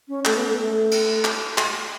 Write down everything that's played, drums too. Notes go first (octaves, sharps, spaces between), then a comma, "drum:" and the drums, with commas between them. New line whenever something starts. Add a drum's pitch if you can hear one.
C#4
A3, drum: clap
B3
A3
A3
drum: cymbal
drum: clap
drum: clap